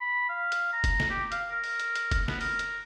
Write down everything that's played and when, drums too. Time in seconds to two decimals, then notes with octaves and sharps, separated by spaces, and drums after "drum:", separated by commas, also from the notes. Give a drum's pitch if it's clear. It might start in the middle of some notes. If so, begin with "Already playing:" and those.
0.01 B5
0.29 F5
0.52 drum: hi-hat
0.73 A#5
0.84 drum: kick F1, hi-hat
1.00 drum: snare
1.10 G4
1.32 F5, drum: hi-hat
1.51 A#4
1.64 drum: open hi-hat
1.80 drum: hi-hat
1.96 drum: hi-hat
2.11 drum: kick F1, hi-hat
2.28 B3, drum: snare
2.41 A#4, drum: open hi-hat
2.59 drum: hi-hat